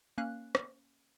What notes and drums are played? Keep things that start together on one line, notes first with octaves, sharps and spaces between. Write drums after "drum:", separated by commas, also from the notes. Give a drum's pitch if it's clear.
A#3 C#4 F5 F#6
drum: rim click